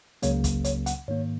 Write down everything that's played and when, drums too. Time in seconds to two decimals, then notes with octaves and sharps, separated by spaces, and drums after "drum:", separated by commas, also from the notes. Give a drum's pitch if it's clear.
0.22 C#2 C#3 F#3 A#3 C#5, drum: hi-hat
0.44 drum: kick, hi-hat
0.64 C#5, drum: hi-hat
0.86 F#5, drum: hi-hat
1.08 G#2 D#3 A#3 C#5